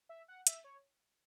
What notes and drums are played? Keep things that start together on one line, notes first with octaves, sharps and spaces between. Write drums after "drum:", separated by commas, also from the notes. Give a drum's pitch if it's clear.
E5
F#5
E5, drum: hi-hat
C#5